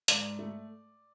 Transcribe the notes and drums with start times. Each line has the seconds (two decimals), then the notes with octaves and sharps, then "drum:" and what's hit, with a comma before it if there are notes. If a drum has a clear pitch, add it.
0.08 G#2 D5, drum: hi-hat
0.39 A3